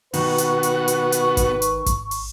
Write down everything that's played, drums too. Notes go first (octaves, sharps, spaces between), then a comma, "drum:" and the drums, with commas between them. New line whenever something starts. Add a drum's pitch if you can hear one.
B2 D#3 F#4 B4 C#6, drum: open hi-hat
drum: hi-hat
drum: hi-hat
drum: hi-hat
drum: hi-hat
drum: kick G#1, hi-hat
drum: hi-hat
drum: kick G#1, hi-hat
drum: open hi-hat